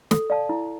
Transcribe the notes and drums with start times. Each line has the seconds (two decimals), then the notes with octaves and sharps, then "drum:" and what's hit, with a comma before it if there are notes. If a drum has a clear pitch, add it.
0.11 A4, drum: snare
0.30 D5 F5 A5
0.49 E4